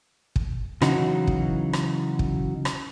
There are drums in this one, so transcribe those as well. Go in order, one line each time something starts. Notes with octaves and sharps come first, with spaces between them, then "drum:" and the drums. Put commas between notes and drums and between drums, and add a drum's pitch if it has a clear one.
drum: kick
C#3 E3 F#3 D#4 F#4, drum: rim click
drum: kick
drum: rim click
drum: kick
drum: rim click